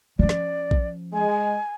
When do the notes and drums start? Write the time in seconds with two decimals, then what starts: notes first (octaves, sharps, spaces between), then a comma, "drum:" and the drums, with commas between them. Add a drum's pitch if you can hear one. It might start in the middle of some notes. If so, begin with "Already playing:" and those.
0.19 F3 C#4 D5
0.29 drum: snare
0.71 drum: kick A#1
1.13 G#3 G#5